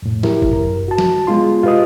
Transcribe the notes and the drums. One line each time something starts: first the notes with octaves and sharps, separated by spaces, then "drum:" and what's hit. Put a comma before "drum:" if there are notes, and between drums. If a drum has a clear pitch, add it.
F2 A2
E4 G4 A#4, drum: snare
drum: kick F#1
F#2 A#4
F#4 A5
drum: snare
G#3 B3 F4 C6
F4 G4 B4 D#5 D#6